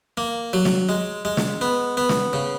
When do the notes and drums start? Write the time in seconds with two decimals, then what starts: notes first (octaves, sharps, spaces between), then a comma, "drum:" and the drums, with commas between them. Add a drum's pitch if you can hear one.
0.17 A#3
0.53 F#3
0.65 drum: snare
0.89 G#3
1.25 G#3
1.37 drum: snare
1.61 B3
1.97 B3
2.09 drum: snare
2.33 C#3